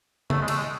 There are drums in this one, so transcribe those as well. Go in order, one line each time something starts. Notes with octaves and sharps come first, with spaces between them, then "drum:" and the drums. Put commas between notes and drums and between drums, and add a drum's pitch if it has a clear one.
A3, drum: tom
G#3
A3, drum: cymbal
G#3